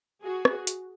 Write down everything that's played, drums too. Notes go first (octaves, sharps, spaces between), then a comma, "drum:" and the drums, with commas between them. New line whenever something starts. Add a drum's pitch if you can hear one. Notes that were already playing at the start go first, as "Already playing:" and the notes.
F#4 G#4
drum: rim click
drum: hi-hat